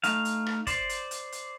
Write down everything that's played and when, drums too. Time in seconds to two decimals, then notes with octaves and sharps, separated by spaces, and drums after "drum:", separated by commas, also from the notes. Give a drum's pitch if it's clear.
0.04 A3 D#4 F5, drum: hi-hat
0.25 drum: hi-hat
0.46 drum: rim click
0.67 C5 D5, drum: kick, hi-hat
0.89 drum: hi-hat
1.11 drum: hi-hat
1.32 drum: hi-hat